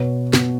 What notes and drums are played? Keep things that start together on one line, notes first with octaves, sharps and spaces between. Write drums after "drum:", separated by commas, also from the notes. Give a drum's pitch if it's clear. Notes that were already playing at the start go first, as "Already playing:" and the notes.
Already playing: B2 B4 C#5
B2, drum: snare